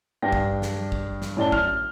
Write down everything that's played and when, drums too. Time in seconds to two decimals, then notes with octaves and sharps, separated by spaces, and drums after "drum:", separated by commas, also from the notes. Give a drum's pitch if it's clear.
0.22 G2 D4 G5 A#6
0.32 drum: kick
0.62 drum: snare
0.92 drum: kick
1.22 drum: snare
1.37 F#2 A2 D5 A5 G7
1.52 F6, drum: kick